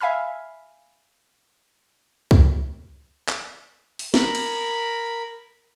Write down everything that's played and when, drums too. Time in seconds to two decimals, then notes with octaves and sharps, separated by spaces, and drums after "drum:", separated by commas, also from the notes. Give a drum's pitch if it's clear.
0.01 E5 F5 G#5 B5 F6
2.31 drum: kick
3.29 drum: clap
3.99 drum: open hi-hat
4.14 A#4 B5, drum: snare
4.35 drum: cymbal